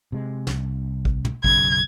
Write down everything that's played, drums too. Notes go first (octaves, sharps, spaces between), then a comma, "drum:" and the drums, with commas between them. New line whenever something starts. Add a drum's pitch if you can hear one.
C3 G#3
C2, drum: snare
drum: kick A1
drum: tom
B1 F#2 C#3 G#6, drum: kick A1